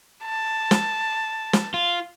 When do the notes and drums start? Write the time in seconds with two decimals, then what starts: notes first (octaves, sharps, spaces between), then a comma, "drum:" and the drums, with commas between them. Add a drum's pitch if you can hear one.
0.24 A5
0.71 drum: snare
1.53 drum: snare
1.74 F4